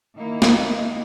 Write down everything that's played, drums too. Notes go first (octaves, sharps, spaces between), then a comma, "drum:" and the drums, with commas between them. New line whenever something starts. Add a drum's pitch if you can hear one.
D#3 A#3 E4
drum: snare